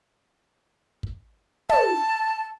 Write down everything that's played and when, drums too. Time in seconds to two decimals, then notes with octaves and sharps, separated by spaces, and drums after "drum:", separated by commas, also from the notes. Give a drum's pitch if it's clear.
1.03 drum: kick
1.69 A5, drum: tom